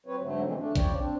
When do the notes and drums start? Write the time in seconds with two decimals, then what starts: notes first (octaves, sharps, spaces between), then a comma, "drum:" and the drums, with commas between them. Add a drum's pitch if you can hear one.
0.06 F#3 C4 B4 C#5
0.20 G#2 D3 F#3 A3
0.43 C#3 E3 F3 G#3 A3 C4
0.58 A3 D4
0.76 C#3 F3 C#5 D5 G5, drum: kick A#1, hi-hat
0.97 C4 D4